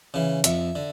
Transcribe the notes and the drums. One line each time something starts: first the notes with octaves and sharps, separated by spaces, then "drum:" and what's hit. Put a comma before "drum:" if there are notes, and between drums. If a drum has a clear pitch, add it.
C#3 E3
F2 E5, drum: hi-hat
D3